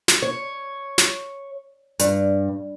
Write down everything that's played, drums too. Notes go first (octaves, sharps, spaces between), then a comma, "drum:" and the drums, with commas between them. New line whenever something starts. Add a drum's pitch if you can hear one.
drum: snare
C#5
drum: snare
G2, drum: hi-hat